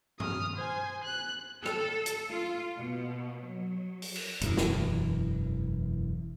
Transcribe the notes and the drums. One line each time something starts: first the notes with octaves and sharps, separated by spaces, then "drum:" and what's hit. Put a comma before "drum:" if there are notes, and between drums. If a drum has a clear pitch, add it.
D#6 F6, drum: tom G2
C5 G#5
F#6
A4, drum: rim click
drum: hi-hat
F4
B2
F#3
drum: open hi-hat
drum: cymbal
E1 F#2 E3, drum: hi-hat
drum: snare